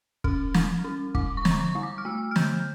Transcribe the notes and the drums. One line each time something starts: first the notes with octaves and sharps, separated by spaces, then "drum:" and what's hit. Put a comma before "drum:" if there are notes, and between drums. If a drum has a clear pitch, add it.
C#4 F6, drum: kick
G3, drum: snare
C#4
G3 D6, drum: kick
C#6
D3, drum: snare
A#5
C#6
G3
D6
F6
A3 E6
F6
D3 G6, drum: snare